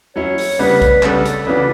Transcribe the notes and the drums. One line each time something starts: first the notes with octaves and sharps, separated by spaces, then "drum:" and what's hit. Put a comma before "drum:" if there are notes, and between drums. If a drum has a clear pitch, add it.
F#3 C#4 E4 C#5
drum: open hi-hat
C#3 G3 B3 D4 B4
drum: kick B1, hi-hat
C#3 G3 B3 D4 A4, drum: clap
drum: hi-hat
C#3 E3 B3 D4 F#4 B4